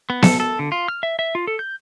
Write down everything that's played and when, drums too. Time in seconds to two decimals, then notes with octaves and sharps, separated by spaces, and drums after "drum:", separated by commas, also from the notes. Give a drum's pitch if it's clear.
0.10 B3
0.23 A4, drum: snare B3
0.40 A4
0.59 D3
0.72 F4
0.88 F6
1.03 E5
1.19 E5
1.35 F4
1.47 A4
1.59 G6